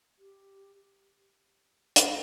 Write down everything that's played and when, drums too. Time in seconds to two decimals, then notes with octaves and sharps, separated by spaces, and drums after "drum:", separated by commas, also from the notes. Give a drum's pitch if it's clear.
0.18 G4
1.96 F#4, drum: hi-hat